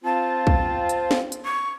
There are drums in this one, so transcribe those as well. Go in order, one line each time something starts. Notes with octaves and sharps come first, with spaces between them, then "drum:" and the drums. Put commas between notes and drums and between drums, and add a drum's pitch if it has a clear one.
C4 F4 A5
drum: kick
drum: hi-hat
drum: snare
drum: hi-hat
C#6